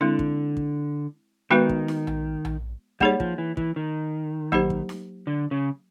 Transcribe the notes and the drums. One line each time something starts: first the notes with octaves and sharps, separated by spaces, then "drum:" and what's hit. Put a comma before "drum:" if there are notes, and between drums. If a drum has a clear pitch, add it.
D3 G#3 C4 E4
drum: kick
drum: kick
D#3 G#3 B3 D#4 F#4 B4
drum: kick
drum: snare D#4
drum: tom A#1
drum: tom A#1
G3 A#3 D#4 G#4 C#5, drum: kick
F3, drum: kick
E3
E3, drum: kick
D#3
F#3 A#3 D#4 G4 C5, drum: tom A#1
drum: kick
drum: snare D#4
D3
C#3